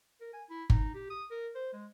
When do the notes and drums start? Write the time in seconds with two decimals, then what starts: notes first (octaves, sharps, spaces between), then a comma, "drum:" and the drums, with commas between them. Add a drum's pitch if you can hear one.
0.21 A#4
0.33 G#5
0.50 E4
0.70 D#4, drum: kick G1
0.94 G4
1.10 D#6
1.31 A#4
1.55 C5
1.73 G#3